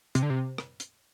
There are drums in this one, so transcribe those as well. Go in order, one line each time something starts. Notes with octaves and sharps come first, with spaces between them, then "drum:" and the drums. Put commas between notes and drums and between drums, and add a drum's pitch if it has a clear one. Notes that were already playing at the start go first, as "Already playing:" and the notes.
C3, drum: hi-hat
D3
C3
drum: rim click
drum: hi-hat